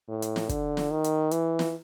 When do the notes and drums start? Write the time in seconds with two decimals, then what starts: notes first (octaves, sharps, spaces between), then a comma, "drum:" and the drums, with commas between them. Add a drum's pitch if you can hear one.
0.09 A2
0.22 drum: hi-hat
0.36 drum: snare
0.49 D3, drum: kick, hi-hat
0.77 drum: snare
0.91 D#3
1.04 drum: hi-hat
1.31 E3, drum: hi-hat
1.59 drum: snare